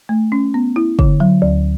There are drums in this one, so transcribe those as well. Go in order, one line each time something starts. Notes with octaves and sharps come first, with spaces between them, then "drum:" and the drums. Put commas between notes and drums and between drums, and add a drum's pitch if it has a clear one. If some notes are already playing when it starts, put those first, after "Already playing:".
A3
C#4
B3
E4
D3, drum: kick
F#3
D2